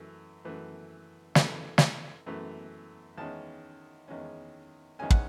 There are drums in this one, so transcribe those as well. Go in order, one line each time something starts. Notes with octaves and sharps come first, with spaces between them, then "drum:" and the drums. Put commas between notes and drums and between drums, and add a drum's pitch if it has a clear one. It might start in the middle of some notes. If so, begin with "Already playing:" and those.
Already playing: F#2 E3 A3
F#2 E3 A3
F#2 E3 A3 B5, drum: snare
drum: snare
F#2 E3 A3
E2 D#3 G#3 C#4 A5
E2 D#3 G#3 C#4
E2 D#3 G#3 C#4 G#5
F#5, drum: kick